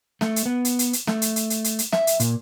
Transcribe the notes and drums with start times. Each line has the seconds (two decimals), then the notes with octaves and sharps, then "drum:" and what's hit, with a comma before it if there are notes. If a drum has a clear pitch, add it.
0.21 A3, drum: snare
0.36 drum: hi-hat
0.46 B3
0.65 drum: hi-hat
0.79 drum: hi-hat
0.93 drum: hi-hat
1.07 A3, drum: snare
1.22 drum: hi-hat
1.36 drum: hi-hat
1.50 drum: hi-hat
1.64 drum: hi-hat
1.79 drum: hi-hat
1.92 E5, drum: snare
2.07 drum: hi-hat
2.20 A#2, drum: hi-hat